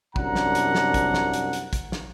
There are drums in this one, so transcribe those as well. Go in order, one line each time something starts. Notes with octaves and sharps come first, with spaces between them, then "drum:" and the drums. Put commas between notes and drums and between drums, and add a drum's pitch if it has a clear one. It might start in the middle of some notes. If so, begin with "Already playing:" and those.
C2 F#2 D4 F#5 A#5, drum: kick
drum: snare
drum: hi-hat
drum: snare
drum: kick, hi-hat
drum: snare
drum: hi-hat
drum: hi-hat
drum: kick, hi-hat
drum: snare